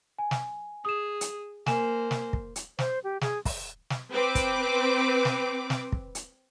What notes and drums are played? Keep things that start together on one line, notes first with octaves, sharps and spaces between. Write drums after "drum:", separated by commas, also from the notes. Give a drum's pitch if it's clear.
G#5
drum: snare
G#4 D#6 E7
drum: hi-hat
A#3 C5 G#5 E7, drum: snare
drum: snare
drum: kick
drum: hi-hat
C5, drum: snare
G4
G#4, drum: snare
drum: kick, open hi-hat
drum: snare
C4 B4 D6
drum: kick, hi-hat
drum: snare
drum: snare
drum: kick
drum: hi-hat